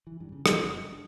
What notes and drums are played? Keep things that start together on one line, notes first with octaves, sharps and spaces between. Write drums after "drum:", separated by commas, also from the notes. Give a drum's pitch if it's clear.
E3
G2
C#3
C#3, drum: rim click
F#1
G3
D4